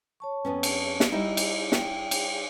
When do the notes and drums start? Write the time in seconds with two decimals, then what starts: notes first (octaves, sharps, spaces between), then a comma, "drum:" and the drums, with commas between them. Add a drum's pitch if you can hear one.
0.20 C#5 A5 C#6
0.45 F2 B3 C#4
0.63 drum: cymbal
1.00 drum: snare
1.12 G3 D#4 E4 D#5
1.37 drum: cymbal
1.72 G5, drum: snare
2.11 drum: cymbal